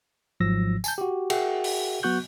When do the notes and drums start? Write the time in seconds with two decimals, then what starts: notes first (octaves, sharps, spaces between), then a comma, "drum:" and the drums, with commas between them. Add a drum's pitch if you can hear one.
0.40 G#1 G#2 F3 F#3 E6 A#6
0.84 G#5 A5 G6, drum: tambourine
0.98 F#4 G4
1.30 F#4 G#4 A#4 E5 F#5 G5, drum: cymbal
1.64 drum: open hi-hat
2.03 F#3 B3 F#4 C#6 F#6 G6